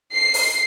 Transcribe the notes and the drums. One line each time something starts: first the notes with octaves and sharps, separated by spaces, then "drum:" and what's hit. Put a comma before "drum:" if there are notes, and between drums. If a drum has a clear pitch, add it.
C7
drum: open hi-hat